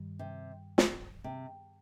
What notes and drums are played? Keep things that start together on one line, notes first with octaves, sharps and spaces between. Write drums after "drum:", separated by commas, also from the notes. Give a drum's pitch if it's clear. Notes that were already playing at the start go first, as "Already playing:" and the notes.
Already playing: G2 D#3 G3
C3
drum: snare
C3